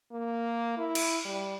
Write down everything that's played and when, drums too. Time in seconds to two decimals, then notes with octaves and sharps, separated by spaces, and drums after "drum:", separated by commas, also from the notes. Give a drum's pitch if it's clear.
0.12 A#3
0.77 E4
0.95 drum: cymbal
1.25 G3